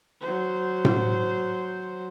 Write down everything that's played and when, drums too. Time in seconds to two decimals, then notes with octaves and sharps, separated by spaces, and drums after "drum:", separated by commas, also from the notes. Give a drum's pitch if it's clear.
0.21 F#3 C5
0.85 drum: tom A2